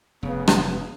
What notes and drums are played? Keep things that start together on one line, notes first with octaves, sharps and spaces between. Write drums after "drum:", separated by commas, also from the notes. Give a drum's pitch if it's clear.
F1 C#3 B3
drum: rim click